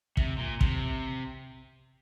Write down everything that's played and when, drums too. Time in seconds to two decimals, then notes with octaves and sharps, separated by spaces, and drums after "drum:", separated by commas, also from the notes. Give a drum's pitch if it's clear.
0.17 C3, drum: kick
0.38 A#2
0.61 C3, drum: kick